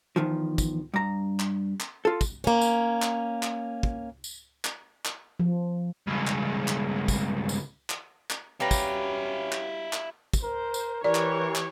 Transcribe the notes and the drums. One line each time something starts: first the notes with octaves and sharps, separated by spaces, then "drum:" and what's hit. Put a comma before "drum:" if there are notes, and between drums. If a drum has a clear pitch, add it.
E2 G2 D#3 F3
drum: kick, tambourine
G2 A#5
drum: clap
drum: clap
F4 A4
drum: kick, tambourine
A#3 C#4
drum: tambourine
drum: clap
drum: clap
drum: kick
drum: tambourine
drum: clap
drum: clap
F3
C#2 G2
drum: clap
drum: clap
drum: kick, tambourine
drum: tambourine
drum: clap
drum: clap
G3 C#4 E4 G4 B4 F5 A#5
drum: kick, tambourine
drum: clap
drum: clap
drum: kick, tambourine
A#4 C5
drum: tambourine
E3 G4 A#4 C#5 D5
drum: clap
drum: clap